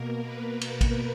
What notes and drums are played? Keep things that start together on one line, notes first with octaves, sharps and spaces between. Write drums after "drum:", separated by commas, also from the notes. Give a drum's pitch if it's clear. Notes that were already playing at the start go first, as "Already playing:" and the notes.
Already playing: B2 A#3 A#4
B4
A#4, drum: cymbal
drum: kick A1, cymbal